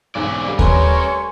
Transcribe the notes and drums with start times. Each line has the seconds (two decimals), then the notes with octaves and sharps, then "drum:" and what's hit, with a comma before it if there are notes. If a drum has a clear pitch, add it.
0.15 B1 E2 G#2 C4 C#4 D5
0.46 D3 G3 F5
0.59 G3 A3 C#4 A#4 B4 C#5 G#5 C6, drum: kick D#2